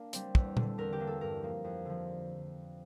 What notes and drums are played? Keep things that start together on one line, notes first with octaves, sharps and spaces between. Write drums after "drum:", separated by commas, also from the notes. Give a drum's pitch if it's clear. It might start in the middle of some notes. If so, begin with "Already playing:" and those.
Already playing: A#3 D4
G3 C4, drum: hi-hat
E2, drum: kick
D3 A3, drum: tom A#2
E2 A#4
G4
E3 A#3 D4
A4
G2 A#4
F3 A#3
F2
D3 F3